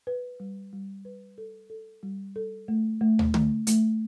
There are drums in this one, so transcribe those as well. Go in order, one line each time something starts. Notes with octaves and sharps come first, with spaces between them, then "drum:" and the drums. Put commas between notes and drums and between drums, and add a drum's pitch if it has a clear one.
B4
G3
G3
B4
A4
A4
G3
A4
A3
A3
drum: tom
A3, drum: tom
A3, drum: hi-hat